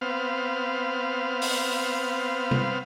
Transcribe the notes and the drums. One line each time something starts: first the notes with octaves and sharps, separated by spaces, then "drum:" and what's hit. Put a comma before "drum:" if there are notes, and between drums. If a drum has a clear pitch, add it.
B3 C4 F5
drum: open hi-hat
drum: tom C3